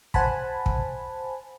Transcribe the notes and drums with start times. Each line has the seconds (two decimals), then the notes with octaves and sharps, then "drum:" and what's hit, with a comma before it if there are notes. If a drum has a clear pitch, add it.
0.14 C5 F#5 G#5 A5 B5, drum: kick
0.66 drum: kick